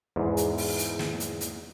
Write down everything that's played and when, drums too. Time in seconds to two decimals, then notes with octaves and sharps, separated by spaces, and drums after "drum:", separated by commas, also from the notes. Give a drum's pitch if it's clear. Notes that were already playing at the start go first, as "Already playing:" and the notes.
0.16 E2 G#2
0.37 drum: hi-hat
0.58 drum: open hi-hat
0.78 drum: hi-hat
0.99 drum: snare
1.20 drum: hi-hat
1.41 drum: hi-hat